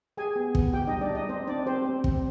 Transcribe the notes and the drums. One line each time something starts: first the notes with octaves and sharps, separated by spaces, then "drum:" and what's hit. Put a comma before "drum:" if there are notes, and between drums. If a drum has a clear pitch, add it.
G4 G#4 G#5
B3
B3, drum: kick
G4 G5
G3 D#4 D#5
D4 D5
G3 D#4 D#5
C4 C5
C4 D4 D5
C4 G4 C5
C4
C4, drum: kick